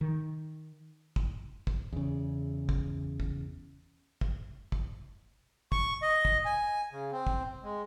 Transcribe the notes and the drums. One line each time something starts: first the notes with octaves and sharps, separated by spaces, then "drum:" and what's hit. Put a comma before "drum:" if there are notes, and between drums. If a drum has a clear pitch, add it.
D#3
drum: kick
drum: kick
E2 C#3
drum: kick
drum: kick
drum: kick
drum: kick
C#6, drum: kick
D#5
drum: kick
G#5
C#3
C4
drum: kick
G#3